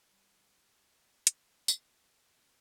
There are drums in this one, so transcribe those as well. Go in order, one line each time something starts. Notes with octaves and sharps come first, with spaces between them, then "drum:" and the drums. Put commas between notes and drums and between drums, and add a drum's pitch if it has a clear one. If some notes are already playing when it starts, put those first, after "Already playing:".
G3
drum: hi-hat
B3, drum: tambourine
B2